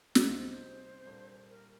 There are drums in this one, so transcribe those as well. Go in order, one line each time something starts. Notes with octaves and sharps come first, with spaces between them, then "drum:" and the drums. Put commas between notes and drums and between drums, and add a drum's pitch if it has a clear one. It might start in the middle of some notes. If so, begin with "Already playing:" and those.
C3 G3 C4 D#4 D5, drum: snare
F5
C5
C5
A#2 G3 A#3 D4 A4
A#4